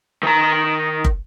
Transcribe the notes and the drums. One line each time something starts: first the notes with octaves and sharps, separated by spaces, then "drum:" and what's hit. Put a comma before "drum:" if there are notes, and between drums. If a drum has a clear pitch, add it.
D#3 A#5
drum: kick